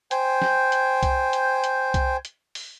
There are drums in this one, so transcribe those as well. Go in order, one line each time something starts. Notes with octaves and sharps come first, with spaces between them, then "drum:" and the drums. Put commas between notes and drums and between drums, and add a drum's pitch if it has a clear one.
C5 G5 G#5, drum: hi-hat
drum: snare
drum: hi-hat
drum: kick C2, hi-hat
drum: hi-hat
drum: hi-hat
drum: kick C2, hi-hat
drum: hi-hat
drum: open hi-hat